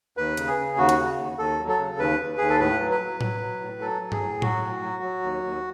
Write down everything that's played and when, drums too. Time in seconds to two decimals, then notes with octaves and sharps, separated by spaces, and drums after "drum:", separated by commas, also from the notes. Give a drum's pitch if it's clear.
0.17 D#2 B4
0.37 C#3, drum: hi-hat
0.47 G#4
0.57 C#3
0.77 D#2 F#4
0.89 drum: hi-hat
0.98 C#3
1.18 D#2
1.38 D#2 A4
1.59 F#3
1.68 A4
1.79 C#3
1.99 D#2 B4
2.20 D#2
2.38 D#2 G#4
2.49 A4
2.60 A2 B4
2.80 F#3
2.91 B4
3.00 F#3
3.21 F#3, drum: tom A2
3.40 F#3
3.61 A2
3.81 F#3 A4
4.02 F#3
4.12 G#4, drum: tom G2
4.22 A2
4.42 F#3 F#4, drum: tom A2
4.62 A2
4.82 F#3
5.03 F#3
5.23 D#2
5.44 D#2